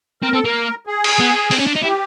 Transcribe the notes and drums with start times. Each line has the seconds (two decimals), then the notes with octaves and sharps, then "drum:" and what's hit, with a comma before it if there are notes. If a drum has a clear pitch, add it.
0.22 C4 A#4
0.33 C4 A4
0.44 A#3 A#4
0.87 G#4
1.04 drum: cymbal
1.20 B3
1.51 C4, drum: open hi-hat
1.59 C#4
1.67 D4
1.76 D#4
1.83 E4 G4